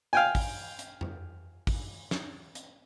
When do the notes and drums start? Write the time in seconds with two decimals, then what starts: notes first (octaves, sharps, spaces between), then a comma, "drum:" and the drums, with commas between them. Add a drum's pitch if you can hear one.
0.13 F5 G5 G#5
0.35 drum: kick, open hi-hat
0.79 drum: hi-hat
1.01 drum: tom F2
1.67 drum: kick, open hi-hat
2.11 drum: snare
2.55 drum: hi-hat